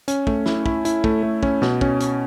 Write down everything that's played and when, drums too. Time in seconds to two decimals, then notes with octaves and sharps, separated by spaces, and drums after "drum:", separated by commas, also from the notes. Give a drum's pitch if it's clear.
0.08 C#4, drum: hi-hat
0.27 A3, drum: kick
0.46 E4, drum: snare
0.66 E4, drum: kick
0.85 E4, drum: hi-hat
1.04 A3, drum: kick
1.23 A3
1.43 C#4, drum: kick
1.62 B2, drum: snare
1.81 C#4, drum: kick
2.00 C#4, drum: hi-hat